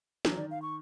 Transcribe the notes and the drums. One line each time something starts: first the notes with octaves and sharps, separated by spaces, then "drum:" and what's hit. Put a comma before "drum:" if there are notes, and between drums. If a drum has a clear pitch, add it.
E3 F#3, drum: snare
D#3 D5
F5
C#6